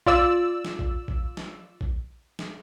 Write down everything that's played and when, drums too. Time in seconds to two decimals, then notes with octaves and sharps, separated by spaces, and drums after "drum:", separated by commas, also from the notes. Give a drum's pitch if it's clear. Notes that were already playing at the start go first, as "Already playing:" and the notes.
0.06 F4 D5 E6, drum: kick A#1
0.65 drum: snare
0.79 drum: kick A#1
1.08 drum: kick A#1
1.37 drum: snare
1.81 drum: kick A#1
2.39 drum: snare